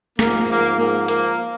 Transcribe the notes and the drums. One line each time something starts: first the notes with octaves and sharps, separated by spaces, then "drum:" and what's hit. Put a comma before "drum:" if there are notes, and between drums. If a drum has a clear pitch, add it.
G#2 F3 A#3, drum: snare
G#2 F3 A#3
G#2 F3 A#3
F3 A#3, drum: hi-hat